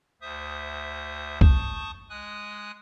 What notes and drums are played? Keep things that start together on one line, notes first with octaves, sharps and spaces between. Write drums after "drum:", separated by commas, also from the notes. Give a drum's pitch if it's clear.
D2 C5 E5 D#6
A5 C#6 D#6 G6, drum: kick
G#3 G#5 D#6 F#6